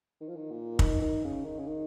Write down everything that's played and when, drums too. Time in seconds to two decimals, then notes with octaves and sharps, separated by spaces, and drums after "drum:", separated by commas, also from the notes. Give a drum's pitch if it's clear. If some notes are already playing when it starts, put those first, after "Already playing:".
0.21 D#3
0.28 F3
0.36 D#3
0.51 A#2
0.79 D#3, drum: kick
1.02 D#3
1.24 C#3
1.45 D#3
1.59 C#3
1.68 D#3